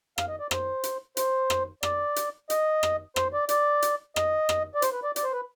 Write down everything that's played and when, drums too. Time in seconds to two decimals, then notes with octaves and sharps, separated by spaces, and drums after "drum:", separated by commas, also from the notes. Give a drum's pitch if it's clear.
0.18 F5, drum: rim click
0.28 D#5
0.39 D5
0.51 C5, drum: rim click
0.84 drum: hi-hat
1.17 C5, drum: hi-hat
1.50 drum: rim click
1.83 D5, drum: rim click
2.16 drum: hi-hat
2.50 D#5, drum: hi-hat
2.83 drum: rim click
3.16 C5, drum: rim click
3.33 D5
3.49 D5, drum: hi-hat
3.82 drum: hi-hat
4.16 D#5, drum: rim click
4.49 drum: rim click
4.75 D5
4.82 C5, drum: hi-hat
4.93 B4
5.04 D5
5.16 D5, drum: hi-hat
5.24 C5
5.32 B4